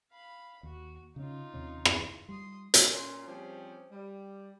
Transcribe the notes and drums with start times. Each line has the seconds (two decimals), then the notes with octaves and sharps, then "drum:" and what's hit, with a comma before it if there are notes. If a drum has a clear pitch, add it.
0.12 F5 B5
0.63 D#2 F#4
1.16 C#3 C#4 D#4 F4
1.54 D#2 C3 C#4
1.85 drum: rim click
2.29 G3 C6 D#6
2.74 drum: hi-hat
2.91 A#2 C#4 C6
3.27 F3 G3 C4 C#4 G4 G#4
3.91 G3